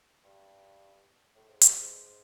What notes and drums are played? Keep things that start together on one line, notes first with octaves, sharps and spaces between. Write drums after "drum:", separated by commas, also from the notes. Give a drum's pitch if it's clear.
G2
A2
G#2
G2, drum: hi-hat
G#2